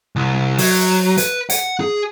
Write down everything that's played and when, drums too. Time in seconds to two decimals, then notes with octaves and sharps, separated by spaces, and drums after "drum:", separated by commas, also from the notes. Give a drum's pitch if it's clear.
0.16 C2
0.58 F#3, drum: open hi-hat
1.18 B4, drum: hi-hat
1.50 F#5, drum: hi-hat
1.80 G#4